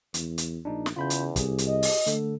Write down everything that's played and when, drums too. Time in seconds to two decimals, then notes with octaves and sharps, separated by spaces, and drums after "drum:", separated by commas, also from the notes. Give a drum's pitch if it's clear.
0.14 E2, drum: hi-hat
0.38 drum: hi-hat
0.65 A#1 D4 D#4
0.86 drum: snare
0.96 E2 C#3 F4 B5 G6
1.10 drum: hi-hat
1.36 C2 G4 G#4, drum: kick, hi-hat
1.58 drum: hi-hat
1.68 D#5
1.83 drum: open hi-hat
2.07 D3 A3 A4, drum: hi-hat